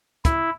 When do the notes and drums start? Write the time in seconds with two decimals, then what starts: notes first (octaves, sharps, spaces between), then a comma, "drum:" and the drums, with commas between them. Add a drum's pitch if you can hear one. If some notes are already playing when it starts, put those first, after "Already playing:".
0.25 E4, drum: kick, hi-hat